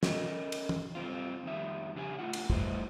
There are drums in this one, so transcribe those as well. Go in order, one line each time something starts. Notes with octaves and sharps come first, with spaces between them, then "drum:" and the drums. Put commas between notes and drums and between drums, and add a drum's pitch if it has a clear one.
C#4 A4 A#4 D#5, drum: snare
drum: cymbal
drum: tom
G2 C3 C4 F4
F2 D#3 G3 E5
C#3 D4 G4 D#5 G#5
A2 D4 F4 F#5
drum: cymbal
G3 A3 E4 B4 C5 D#5, drum: kick